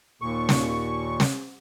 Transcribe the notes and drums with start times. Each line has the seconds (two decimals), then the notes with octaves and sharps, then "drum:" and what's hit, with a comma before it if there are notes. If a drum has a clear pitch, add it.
0.22 D#2 A#2 C#6
0.49 drum: snare
1.20 drum: snare